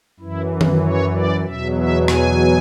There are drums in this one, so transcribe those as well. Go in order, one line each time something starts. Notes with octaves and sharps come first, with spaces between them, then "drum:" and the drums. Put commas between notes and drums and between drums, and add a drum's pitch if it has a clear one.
F#2 E3 E4
drum: tom D#3
C#5
D5
E2 B2 F#3 E5
E5
G#5, drum: rim click